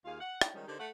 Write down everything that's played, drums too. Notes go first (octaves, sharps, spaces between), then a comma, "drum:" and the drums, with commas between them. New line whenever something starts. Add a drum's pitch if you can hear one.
D#2 F4 G#4 F5
F#5
D#4 E4 C#5 D5, drum: rim click
D#3 F3 G3 G#3 C#4 D#4
D3 D4 D#4 G4 A#4 C5
A3 F#5